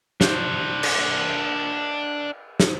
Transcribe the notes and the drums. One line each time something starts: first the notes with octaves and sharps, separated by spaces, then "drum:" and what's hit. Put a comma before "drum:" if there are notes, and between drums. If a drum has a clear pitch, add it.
D4 C5, drum: snare
drum: cymbal
drum: snare